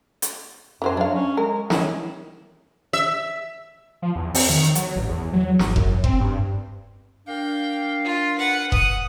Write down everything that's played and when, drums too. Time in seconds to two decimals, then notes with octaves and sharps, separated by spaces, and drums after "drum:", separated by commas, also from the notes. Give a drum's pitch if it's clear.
0.22 drum: hi-hat
0.82 F#2 E3 F#3 C5
0.97 F#3 D4 F5
1.14 C#4
1.37 G#3 A#4
1.70 D#3 C#4 E4, drum: snare
2.93 E5
4.02 F3
4.15 E2
4.34 C4, drum: open hi-hat
4.50 D#3
4.75 F#3, drum: hi-hat
4.96 A1
5.09 E2
5.33 F#3
5.59 G#1, drum: snare
5.76 F#2, drum: kick F1
6.04 C4, drum: kick F1
6.21 G2
7.27 D4 A#4 F5 G5
8.05 F4
8.39 B4 F#5
8.72 F#5 D#6, drum: kick F1